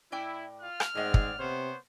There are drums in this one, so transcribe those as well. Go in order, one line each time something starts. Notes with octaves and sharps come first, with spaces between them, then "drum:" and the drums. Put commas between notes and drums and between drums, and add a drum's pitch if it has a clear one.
A2 E4 D5 G5
F4 F6
drum: rim click
G#2 A3 C4 G#4 D5 D#5 F#5
drum: kick
C3 B3 C5 C#5